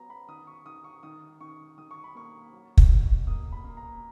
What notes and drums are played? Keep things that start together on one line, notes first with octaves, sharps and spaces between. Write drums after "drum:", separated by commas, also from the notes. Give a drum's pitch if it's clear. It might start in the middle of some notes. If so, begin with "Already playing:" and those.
Already playing: F#3 B3 A#5
B5
D#3 D#6
C#6
D#3 D#6
C#6
D#3 D#6
D#3 C#6
D#3 D#6
C#6
B5
A#3 C#6
F#3
drum: kick
B2
A#3 D#6
B5
A#3
A#5